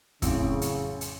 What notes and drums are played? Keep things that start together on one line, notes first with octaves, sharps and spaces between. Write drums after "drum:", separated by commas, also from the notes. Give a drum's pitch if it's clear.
A1 F2 C#3 F#3 C4, drum: kick, hi-hat
drum: hi-hat
drum: hi-hat